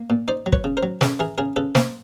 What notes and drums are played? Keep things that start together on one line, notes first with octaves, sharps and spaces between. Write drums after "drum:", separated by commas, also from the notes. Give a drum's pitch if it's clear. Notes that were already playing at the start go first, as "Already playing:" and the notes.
Already playing: A#3
A#2
D#4 C5 D5
F#3
B4 C#5, drum: kick
C#3
A#4 C5
F#3
C#3 A4 B4, drum: snare
E3 G#4 A#4
C#3 G#4 A#4
C#3 A4 B4
A#3 A#4 C5, drum: snare